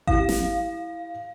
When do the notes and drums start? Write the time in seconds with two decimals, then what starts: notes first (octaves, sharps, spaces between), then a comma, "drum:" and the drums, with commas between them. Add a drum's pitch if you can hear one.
0.07 E4 G4 F5, drum: kick G#1
0.29 drum: snare